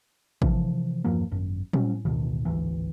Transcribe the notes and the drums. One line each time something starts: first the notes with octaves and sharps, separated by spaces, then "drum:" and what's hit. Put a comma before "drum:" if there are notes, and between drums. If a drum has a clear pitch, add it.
C3 E3 F3, drum: kick
E2 G2 F3 A#3
G#1 F#2
F#3 G3 C4 C#4, drum: tom
A1 D2 B2 D#3
D1 G#1 D2 E3